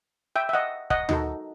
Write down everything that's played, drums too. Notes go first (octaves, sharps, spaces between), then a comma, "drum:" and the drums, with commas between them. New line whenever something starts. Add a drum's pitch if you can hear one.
E5 G5
E5
D#5 F#5
D#5 F#5, drum: kick
D#4 F#4 A4, drum: tom D2